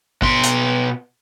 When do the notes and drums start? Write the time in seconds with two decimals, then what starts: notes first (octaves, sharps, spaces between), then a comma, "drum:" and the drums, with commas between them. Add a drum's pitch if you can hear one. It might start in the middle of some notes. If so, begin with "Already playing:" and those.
0.22 B2 C6, drum: kick
0.43 drum: hi-hat